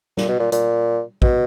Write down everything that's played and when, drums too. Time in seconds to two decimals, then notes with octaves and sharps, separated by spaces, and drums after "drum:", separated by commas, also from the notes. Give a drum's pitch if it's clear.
0.17 A#2, drum: snare
0.29 B2
0.39 A#2
0.52 A#2, drum: hi-hat
1.22 B2, drum: kick